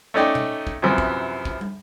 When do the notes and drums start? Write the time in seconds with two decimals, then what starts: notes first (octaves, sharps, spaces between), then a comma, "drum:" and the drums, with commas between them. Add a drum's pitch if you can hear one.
0.14 A3 C#4 D#4 D5 G5
0.35 drum: tom B2
0.67 drum: kick
0.82 F#2 C3 E3 F3
0.98 drum: kick
1.45 drum: kick
1.61 drum: tom